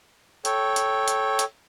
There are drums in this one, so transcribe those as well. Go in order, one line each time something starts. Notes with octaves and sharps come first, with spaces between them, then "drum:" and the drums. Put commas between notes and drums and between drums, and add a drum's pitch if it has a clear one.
A4 C#5 G5, drum: hi-hat
drum: hi-hat
drum: hi-hat
drum: hi-hat